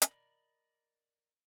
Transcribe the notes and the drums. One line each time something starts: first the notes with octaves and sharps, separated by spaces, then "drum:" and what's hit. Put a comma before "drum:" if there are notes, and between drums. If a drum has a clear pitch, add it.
A#4 D5 D#5 A#5 B5, drum: hi-hat